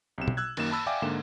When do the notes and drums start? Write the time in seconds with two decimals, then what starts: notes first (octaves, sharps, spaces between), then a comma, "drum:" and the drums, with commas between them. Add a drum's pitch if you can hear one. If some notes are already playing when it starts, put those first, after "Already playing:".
0.18 B1 C3 E7
0.28 drum: tom B2
0.37 E6 F#6 G#6
0.57 F#2 D#3 A#3 E7, drum: cymbal
0.71 A5 B5 E6 A6
0.86 D5 E5 F5 G5 G#5 D6
1.02 G#2 D3 A#3 E7